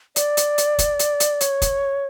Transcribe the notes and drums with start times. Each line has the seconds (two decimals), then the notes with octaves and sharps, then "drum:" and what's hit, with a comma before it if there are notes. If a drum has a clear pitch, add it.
0.16 D5, drum: hi-hat
0.37 drum: hi-hat
0.58 drum: hi-hat
0.79 drum: kick, hi-hat
0.99 drum: hi-hat
1.20 drum: hi-hat
1.41 C#5, drum: hi-hat
1.62 drum: kick, hi-hat